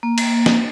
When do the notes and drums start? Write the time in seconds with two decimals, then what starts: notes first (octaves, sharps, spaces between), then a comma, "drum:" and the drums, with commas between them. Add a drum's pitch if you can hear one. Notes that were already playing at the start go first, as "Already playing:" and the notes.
0.03 A#3
0.18 drum: cymbal
0.46 drum: snare